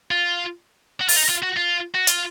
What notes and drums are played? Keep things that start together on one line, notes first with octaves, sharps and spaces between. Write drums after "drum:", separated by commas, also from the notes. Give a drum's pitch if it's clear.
F4
F#4
F4, drum: open hi-hat
D#4
F4
F#4
F4
F#4
F4, drum: hi-hat